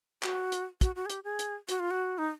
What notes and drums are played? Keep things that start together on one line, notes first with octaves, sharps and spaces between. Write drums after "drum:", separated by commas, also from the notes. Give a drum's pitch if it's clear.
F#4, drum: clap
drum: hi-hat
F#4, drum: kick, hi-hat
F#4
G#4
G4, drum: hi-hat
G#4
drum: hi-hat
F#4, drum: hi-hat
F4
F#4
D#4